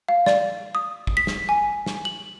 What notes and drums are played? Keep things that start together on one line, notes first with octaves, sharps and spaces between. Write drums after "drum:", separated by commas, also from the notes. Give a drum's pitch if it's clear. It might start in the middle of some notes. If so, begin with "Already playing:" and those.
F5
D5, drum: snare
D#6
drum: kick
B6
drum: snare
G#5
drum: snare
F#7